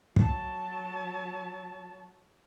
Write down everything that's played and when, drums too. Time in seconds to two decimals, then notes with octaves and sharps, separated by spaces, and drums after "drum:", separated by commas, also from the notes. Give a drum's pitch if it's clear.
0.16 F#3 A5, drum: kick